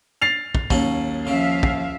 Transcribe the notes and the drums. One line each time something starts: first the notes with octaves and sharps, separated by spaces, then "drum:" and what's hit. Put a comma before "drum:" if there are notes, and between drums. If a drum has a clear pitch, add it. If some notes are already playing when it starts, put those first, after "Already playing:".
A6 C7 F7
drum: kick
D#2 F#3 C#4, drum: kick
C#3 F3 E5 F5
drum: kick